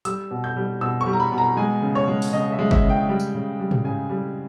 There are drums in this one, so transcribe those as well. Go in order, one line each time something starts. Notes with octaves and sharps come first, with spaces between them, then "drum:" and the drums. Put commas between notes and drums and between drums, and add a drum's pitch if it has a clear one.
G3 E6, drum: hi-hat
B2
G6
G3
B2 E6
C#6
G3
A#5
B5
B2
A#5
G#3 G#5
C#3
C#5
G#3
drum: open hi-hat
C#3 D#5
E5
G#3
E5, drum: kick G1
C#3
G5
G3
drum: tambourine
C#3
G3
drum: tom
C#3 G#5
G3